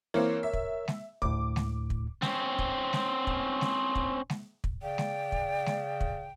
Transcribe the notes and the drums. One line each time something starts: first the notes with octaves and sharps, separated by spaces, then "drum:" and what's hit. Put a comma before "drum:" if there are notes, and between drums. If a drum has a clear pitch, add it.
E3 A#3 C4 A#4 C#5
E5
drum: kick
drum: snare G#3
D2 A2 D6, drum: kick
drum: snare G#3
drum: kick
C4 C#4, drum: snare G#3
drum: kick
drum: snare G#3
drum: kick
drum: snare G#3
drum: kick
drum: snare G#3
drum: kick
C#3 D5 G5
drum: snare G#3
drum: kick
drum: snare G#3
drum: kick